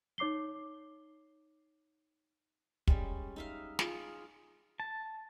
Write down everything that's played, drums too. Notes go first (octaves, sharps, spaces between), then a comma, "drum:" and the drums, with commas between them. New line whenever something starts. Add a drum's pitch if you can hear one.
D#4 C#5 D6 C7 G7
G3 G#3 C#4, drum: kick
D#4 E5 F5
F4 G#4 F5 C#6, drum: snare
A5